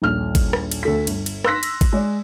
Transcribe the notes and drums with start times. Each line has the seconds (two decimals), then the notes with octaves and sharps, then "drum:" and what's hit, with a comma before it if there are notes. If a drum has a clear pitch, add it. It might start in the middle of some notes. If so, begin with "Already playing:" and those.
0.02 D#1 A#1 F6
0.35 drum: kick G#1, cymbal
0.53 drum: rim click
0.71 drum: cymbal
0.83 D2 A4 B6
1.07 G1, drum: cymbal
1.26 drum: cymbal
1.45 C6 E6 F#6 A#6 B6, drum: rim click
1.63 drum: cymbal
1.81 drum: kick G#1, cymbal
1.92 G#3 D5